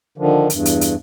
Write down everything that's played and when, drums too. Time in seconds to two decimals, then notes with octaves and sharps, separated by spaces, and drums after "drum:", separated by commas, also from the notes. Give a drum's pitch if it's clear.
0.18 D3 D#3 F3
0.50 E2 G2, drum: hi-hat
0.65 drum: hi-hat
0.81 drum: hi-hat